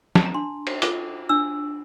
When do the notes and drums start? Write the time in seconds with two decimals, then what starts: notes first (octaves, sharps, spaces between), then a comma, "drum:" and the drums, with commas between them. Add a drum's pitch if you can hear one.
0.15 A5, drum: snare
0.26 A#5
0.34 D4 C6
0.67 drum: cymbal
0.82 F4 A4 D6, drum: hi-hat
1.29 D4 E6